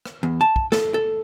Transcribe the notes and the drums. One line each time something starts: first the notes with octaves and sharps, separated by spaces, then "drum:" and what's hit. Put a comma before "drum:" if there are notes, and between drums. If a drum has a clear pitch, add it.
drum: rim click
E2
A5
drum: kick
A4, drum: snare
A4